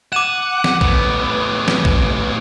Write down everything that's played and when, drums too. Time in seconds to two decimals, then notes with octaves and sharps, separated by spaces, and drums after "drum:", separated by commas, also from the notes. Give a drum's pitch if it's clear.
0.13 F#5 D6 D#7 E7
0.64 drum: snare
0.81 A2 B3, drum: kick
1.68 drum: snare
1.85 drum: kick